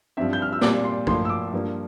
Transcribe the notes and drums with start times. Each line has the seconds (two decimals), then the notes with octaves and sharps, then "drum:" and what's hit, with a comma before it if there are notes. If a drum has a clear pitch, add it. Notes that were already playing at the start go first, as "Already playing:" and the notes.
0.17 G2 F3 C4 E5
0.33 G6
0.42 F6
0.52 E6
0.61 A#2 G3 C4 D6, drum: snare
0.84 C6
1.07 A2 F3 A#3 C6, drum: kick A#1
1.25 E6
1.29 D6
1.52 G2 F3 A#3